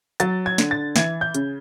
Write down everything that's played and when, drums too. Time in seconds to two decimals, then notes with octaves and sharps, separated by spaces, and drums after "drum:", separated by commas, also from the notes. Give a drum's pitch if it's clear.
0.20 F#3 A6, drum: hi-hat
0.46 G#6
0.58 D3, drum: snare
0.71 A6
0.96 E3 G#6, drum: snare
1.21 G6
1.34 C#3, drum: hi-hat